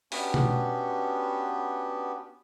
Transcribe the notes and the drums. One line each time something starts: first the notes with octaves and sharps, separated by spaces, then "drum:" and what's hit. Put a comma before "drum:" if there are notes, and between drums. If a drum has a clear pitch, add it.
B3 C#4 D4 F#4 G4 B4, drum: open hi-hat
drum: tom B2